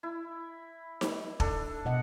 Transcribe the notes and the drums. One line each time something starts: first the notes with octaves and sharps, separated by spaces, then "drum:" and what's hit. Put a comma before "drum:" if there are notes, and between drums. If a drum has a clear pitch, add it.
E4
drum: snare D#4
D4 A4, drum: kick
B2 D#5 F#5